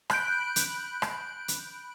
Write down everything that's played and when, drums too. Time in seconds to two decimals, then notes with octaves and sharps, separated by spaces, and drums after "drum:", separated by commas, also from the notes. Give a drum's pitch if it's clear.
0.10 B5 F#6 G6 D7, drum: rim click
0.56 drum: hi-hat
1.02 drum: rim click
1.48 drum: hi-hat